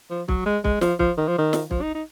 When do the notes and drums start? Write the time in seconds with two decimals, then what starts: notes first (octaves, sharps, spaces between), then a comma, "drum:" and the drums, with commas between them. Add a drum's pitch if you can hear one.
0.10 F3
0.29 F#3, drum: kick
0.46 G#3
0.65 G#3, drum: kick
0.81 F3, drum: snare
0.99 F3, drum: kick
1.17 D#3
1.28 F3
1.38 D#3
1.53 drum: snare
1.71 F3, drum: kick
1.82 D#4
1.95 D#4